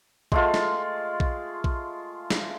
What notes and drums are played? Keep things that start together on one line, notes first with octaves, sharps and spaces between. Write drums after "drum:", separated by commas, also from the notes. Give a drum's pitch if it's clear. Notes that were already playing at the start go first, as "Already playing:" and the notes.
G#3 A3 F4, drum: kick A#1
drum: snare
drum: kick A#1
drum: kick A#1
drum: snare